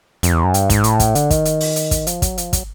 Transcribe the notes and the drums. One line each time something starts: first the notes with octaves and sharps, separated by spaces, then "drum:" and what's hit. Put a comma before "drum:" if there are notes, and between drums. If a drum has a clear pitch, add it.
F2, drum: hi-hat
E2
F#2
G2, drum: hi-hat
G#2, drum: kick, hi-hat
A2, drum: hi-hat
drum: kick, hi-hat
D3, drum: hi-hat
D#3, drum: kick, hi-hat
drum: hi-hat
drum: open hi-hat
drum: hi-hat
drum: kick, hi-hat
F3, drum: hi-hat
F#3, drum: kick, hi-hat
F3, drum: hi-hat
F#3, drum: kick, hi-hat